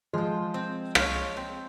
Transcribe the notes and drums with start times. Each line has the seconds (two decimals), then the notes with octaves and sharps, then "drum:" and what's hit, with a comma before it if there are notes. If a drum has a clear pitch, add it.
0.13 F3 G#3 F4 C5
0.54 C4
0.95 F4 G#4 C#5, drum: rim click
1.37 C4